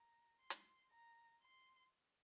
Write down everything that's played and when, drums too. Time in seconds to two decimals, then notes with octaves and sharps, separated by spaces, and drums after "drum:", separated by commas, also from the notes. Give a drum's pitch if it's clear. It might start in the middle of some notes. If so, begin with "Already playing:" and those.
Already playing: A#5
0.41 C6
0.50 drum: hi-hat
0.92 A#5
1.43 C6